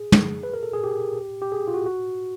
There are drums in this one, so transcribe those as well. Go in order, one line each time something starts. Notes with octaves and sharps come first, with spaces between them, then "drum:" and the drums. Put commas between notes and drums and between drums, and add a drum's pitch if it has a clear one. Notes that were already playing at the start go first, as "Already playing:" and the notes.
Already playing: G#4
drum: tom
B4
A#4
A4
G#4
G4
G4
G#4
F4
F#4
F#4